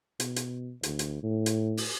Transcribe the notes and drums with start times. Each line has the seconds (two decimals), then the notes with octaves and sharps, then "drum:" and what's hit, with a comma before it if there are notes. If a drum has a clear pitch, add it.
0.20 B2, drum: hi-hat
0.36 drum: hi-hat
0.83 D2, drum: hi-hat
0.99 drum: hi-hat
1.23 A2
1.46 drum: hi-hat
1.77 drum: open hi-hat